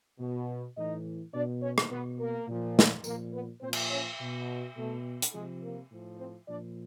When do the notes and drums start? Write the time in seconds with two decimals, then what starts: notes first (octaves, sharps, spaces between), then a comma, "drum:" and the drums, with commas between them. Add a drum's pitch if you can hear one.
0.19 B2
0.76 A2 E3 D#4 D#5
1.33 B2 D4 D5
1.62 C#4 C#5
1.78 drum: rim click
1.90 B2 B3 B4
2.19 A#3 A#4
2.47 A#2 F3
2.79 drum: snare
3.04 A#2 F3 A#3 A#4, drum: tambourine
3.33 B3 B4
3.61 A#2 F3 C4 C5
3.73 drum: cymbal
3.90 C#4 C#5
4.19 B2
4.75 B2 A3 A4
5.22 drum: hi-hat
5.33 C3 F3 G#3 G#4
5.61 A#3 A#4
5.90 A2 F3
6.18 C4 C5
6.47 A#2 F3 D4 D5